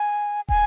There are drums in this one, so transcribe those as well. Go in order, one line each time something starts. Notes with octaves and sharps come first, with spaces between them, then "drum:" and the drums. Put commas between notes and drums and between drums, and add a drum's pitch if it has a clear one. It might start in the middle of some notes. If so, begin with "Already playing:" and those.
Already playing: G#5
G#5, drum: kick